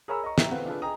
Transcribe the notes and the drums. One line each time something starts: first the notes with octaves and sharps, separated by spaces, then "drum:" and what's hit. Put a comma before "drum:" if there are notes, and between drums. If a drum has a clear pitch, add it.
G#4 A#4 C#5 A#5 B5 E6
D#5 A#5 C#6
G4 E5 A#5, drum: snare
B3 C4 A4 B4 F5 F#5
D4 F4 G#4 A4 B4
G#4 D#5 G5 A#5 D#6